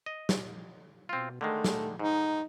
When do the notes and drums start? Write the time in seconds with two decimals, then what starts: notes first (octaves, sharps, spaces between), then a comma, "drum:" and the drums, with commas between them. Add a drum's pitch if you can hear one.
0.06 D#5
0.29 drum: snare
1.09 B2 C4 F4
1.41 D3 D#3 G#3 A3
1.64 drum: snare
1.99 G#2 D#4